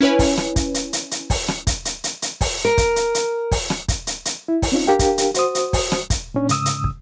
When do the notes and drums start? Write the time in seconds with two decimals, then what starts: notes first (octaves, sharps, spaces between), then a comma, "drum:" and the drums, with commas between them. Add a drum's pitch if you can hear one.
0.01 C#4 E4 B4 C#5 G#5
0.19 drum: kick, open hi-hat
0.37 drum: rim click
0.56 drum: kick, hi-hat
0.74 drum: hi-hat
0.93 drum: hi-hat
1.11 drum: hi-hat
1.30 drum: kick, open hi-hat
1.48 drum: rim click
1.67 drum: kick, hi-hat
1.85 drum: hi-hat
2.04 drum: hi-hat
2.22 drum: hi-hat
2.41 drum: kick, open hi-hat
2.65 A#4
2.78 drum: kick, hi-hat
2.96 drum: hi-hat
3.15 drum: hi-hat
3.51 drum: kick, open hi-hat
3.70 drum: rim click
3.88 drum: kick, hi-hat
4.07 drum: hi-hat
4.25 drum: hi-hat
4.48 E4
4.62 drum: kick, open hi-hat
4.72 C4 C#4 D#4 F4
4.87 D4 G4 A#4 F5 G5
4.99 drum: kick, hi-hat
5.18 drum: hi-hat
5.34 F#4 C5 D#6, drum: hi-hat
5.55 drum: hi-hat
5.73 drum: kick, open hi-hat
5.92 drum: rim click
6.10 drum: kick, hi-hat
6.34 A#2 C#4 D4
6.49 G#2 C#3 D#6 E6, drum: hi-hat
6.66 drum: hi-hat
6.84 drum: kick